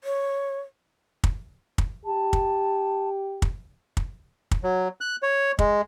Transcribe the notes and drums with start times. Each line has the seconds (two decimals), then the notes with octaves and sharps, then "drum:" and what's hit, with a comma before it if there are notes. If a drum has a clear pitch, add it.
0.04 C#5
1.24 drum: kick
1.78 drum: kick
2.06 G4 A5
2.33 drum: kick
3.42 drum: kick
3.97 drum: kick
4.51 drum: kick
4.64 F#3
5.01 F#6
5.23 C#5
5.59 G#3, drum: kick